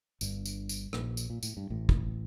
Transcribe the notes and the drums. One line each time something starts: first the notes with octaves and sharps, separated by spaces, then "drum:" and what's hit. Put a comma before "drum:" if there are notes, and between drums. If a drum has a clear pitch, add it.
G1 G2, drum: tambourine
drum: tambourine
drum: tambourine
A#1 A#2, drum: rim click
drum: tambourine
A#2
A2, drum: tambourine
G2
A1 A2
drum: kick